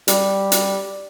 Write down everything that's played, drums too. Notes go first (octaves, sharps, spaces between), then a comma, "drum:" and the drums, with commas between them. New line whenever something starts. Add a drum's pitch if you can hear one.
G3, drum: hi-hat
drum: hi-hat